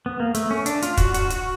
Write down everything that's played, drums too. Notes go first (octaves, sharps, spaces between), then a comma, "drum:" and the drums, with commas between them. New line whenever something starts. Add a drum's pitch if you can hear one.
B3
A#3
A3, drum: hi-hat
C#4
D4, drum: hi-hat
F4, drum: hi-hat
F#4, drum: kick, hi-hat
F#4, drum: hi-hat
F#4, drum: hi-hat